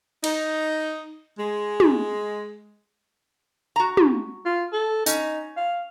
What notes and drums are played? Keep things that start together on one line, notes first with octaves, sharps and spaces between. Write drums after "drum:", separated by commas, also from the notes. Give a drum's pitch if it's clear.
D#4, drum: cymbal
G#3
drum: tom
F#4 A#5
drum: tom
F4
A4
C#4 D#4, drum: tambourine
F5